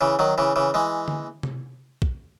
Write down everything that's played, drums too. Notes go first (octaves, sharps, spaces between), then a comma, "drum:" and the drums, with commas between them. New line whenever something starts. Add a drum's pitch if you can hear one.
C#3 E3
D#3 F#3
C#3 E3
C#3 E3
E3 G#3
drum: tom D3
drum: tom C3
drum: kick